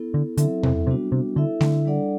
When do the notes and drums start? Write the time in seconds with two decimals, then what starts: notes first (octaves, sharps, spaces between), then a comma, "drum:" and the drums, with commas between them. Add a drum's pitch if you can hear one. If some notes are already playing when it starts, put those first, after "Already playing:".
Already playing: B3 E4 A4
0.14 D3
0.37 D3 F#3 C4 E4 A4 E5, drum: hi-hat
0.63 C3, drum: tom E2
0.87 C3 G3 B3 D4 F#4
1.12 C3
1.36 D3 E4 A4 E5
1.61 D3, drum: snare A3
1.86 G3 D4 A4 D5 F#5